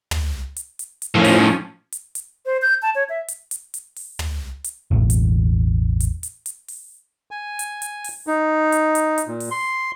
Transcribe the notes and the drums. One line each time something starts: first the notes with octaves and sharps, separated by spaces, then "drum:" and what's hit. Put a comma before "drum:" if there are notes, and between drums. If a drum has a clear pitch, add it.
drum: tom
drum: hi-hat
drum: hi-hat
drum: hi-hat
A2 D#3 F3 C#4
drum: open hi-hat
drum: hi-hat
drum: hi-hat
C5
G6
A5
C#5
E5
drum: hi-hat
drum: hi-hat
drum: hi-hat
drum: open hi-hat
drum: tom
drum: hi-hat
E1 A1 E2
drum: hi-hat
drum: hi-hat
drum: hi-hat
drum: hi-hat
drum: open hi-hat
G#5
drum: hi-hat
drum: hi-hat
drum: open hi-hat
D#4
drum: hi-hat
drum: hi-hat
drum: hi-hat
A#2
drum: open hi-hat
C6